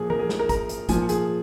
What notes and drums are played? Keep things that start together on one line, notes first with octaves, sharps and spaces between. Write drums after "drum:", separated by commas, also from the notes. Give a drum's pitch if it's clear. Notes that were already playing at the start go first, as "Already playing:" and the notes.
Already playing: A#2 F3 G#4
A#4, drum: tom E3
G#4
drum: snare
A#4
A#5, drum: kick, hi-hat
drum: hi-hat
A#2 F3 G#5, drum: kick, hi-hat
G#4, drum: hi-hat